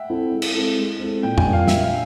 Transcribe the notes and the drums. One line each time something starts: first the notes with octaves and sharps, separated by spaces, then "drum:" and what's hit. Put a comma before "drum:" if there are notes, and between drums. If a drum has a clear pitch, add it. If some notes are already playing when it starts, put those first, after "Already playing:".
Already playing: E5 F#5 G5
C4 E4 A4
G#3
drum: cymbal
C4 E4 A4
G#3
C4 E4 A4
A#2 G5
G#5, drum: tom
G3 A#3 D4 F4
F5
A#2 E5, drum: snare
F5